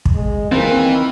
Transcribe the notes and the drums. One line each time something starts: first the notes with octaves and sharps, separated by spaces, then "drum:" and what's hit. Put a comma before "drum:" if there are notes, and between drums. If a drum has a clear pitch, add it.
drum: kick
G#3
D#3 E3 A#3 C4 A#4